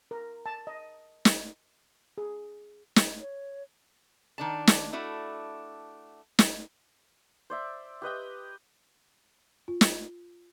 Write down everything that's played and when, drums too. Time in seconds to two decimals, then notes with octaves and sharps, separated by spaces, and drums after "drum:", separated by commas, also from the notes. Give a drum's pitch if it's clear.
0.11 A#4
0.46 A5
0.67 D#5
1.25 drum: snare
2.18 G#4
2.96 drum: snare
3.21 C#5
4.38 D#3 D4 A5
4.67 drum: snare
4.93 A3 D4 E4 F#4
6.39 drum: snare
7.50 C5 D5 E5
8.02 G4 B4 D#5 G5
9.68 F4
9.81 drum: snare